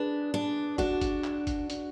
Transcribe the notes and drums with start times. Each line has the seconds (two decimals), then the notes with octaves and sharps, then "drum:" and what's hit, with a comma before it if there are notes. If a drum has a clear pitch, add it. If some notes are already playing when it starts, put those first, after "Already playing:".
Already playing: D4 G#4 B4
0.34 D4
0.78 D4 F#4, drum: kick G1, hi-hat
1.01 drum: kick G1, hi-hat
1.24 drum: clap
1.47 drum: kick G1, hi-hat
1.70 drum: hi-hat